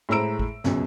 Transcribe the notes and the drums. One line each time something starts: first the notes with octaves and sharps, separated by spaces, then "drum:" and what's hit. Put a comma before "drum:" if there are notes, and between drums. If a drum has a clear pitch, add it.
A2 G#3 C5 A#5 E6 D7
drum: kick
C#2 F#2 B2, drum: snare